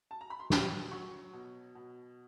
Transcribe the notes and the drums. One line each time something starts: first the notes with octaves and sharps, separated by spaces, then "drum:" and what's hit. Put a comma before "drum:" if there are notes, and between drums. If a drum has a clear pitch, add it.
A5
A#5
B5
C6
F#3 C#6, drum: snare
F#3 C#6
B2
B2